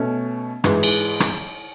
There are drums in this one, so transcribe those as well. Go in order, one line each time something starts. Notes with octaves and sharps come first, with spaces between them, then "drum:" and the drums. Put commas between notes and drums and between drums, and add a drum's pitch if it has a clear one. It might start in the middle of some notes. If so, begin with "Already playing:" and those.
Already playing: B2 A3 C#4
G#2 E3 G#3, drum: rim click
drum: cymbal
drum: rim click